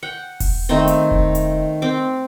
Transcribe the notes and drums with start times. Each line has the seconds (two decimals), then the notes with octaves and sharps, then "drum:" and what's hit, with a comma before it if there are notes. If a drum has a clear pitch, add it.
0.03 F#5 G5
0.40 drum: kick E1, open hi-hat
0.69 D#3 A3 C4 D#5
0.88 drum: hi-hat
1.11 drum: kick E1
1.35 drum: hi-hat
1.82 C4 D6